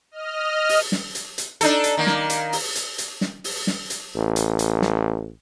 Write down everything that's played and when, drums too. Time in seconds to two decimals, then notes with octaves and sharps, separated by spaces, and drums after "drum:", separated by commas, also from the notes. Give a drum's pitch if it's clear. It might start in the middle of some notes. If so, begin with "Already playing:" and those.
0.11 D#5 F6
0.69 drum: open hi-hat
0.92 drum: snare
1.15 drum: hi-hat
1.38 drum: hi-hat
1.61 D4 D#4 A4, drum: hi-hat
1.84 drum: hi-hat
1.97 D#3 A#3
2.07 drum: snare
2.30 drum: hi-hat
2.53 drum: open hi-hat
2.75 drum: hi-hat
2.98 drum: hi-hat
3.21 drum: snare
3.44 drum: open hi-hat
3.67 drum: snare
3.90 drum: hi-hat
4.16 A1
4.36 drum: hi-hat
4.59 drum: hi-hat
4.82 drum: snare